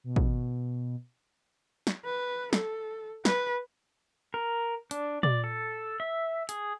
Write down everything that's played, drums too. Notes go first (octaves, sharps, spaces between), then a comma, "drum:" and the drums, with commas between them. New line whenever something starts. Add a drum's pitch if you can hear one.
B2
drum: kick
drum: snare
B4
A4, drum: snare
B4, drum: snare
A#4
D4, drum: hi-hat
D5, drum: tom A#2
A4
E5
G#4, drum: hi-hat